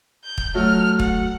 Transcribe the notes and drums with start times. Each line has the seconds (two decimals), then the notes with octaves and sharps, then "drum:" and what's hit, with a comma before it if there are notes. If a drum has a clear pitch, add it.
0.24 G6
0.38 drum: kick
0.54 F#3 A3 F6
0.99 F#5, drum: kick